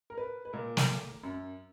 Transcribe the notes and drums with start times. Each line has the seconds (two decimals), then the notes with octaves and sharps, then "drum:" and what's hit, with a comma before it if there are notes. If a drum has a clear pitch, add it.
0.10 A#4
0.18 B4
0.45 B4
0.53 A#2 A#4
0.77 drum: snare
1.23 F#2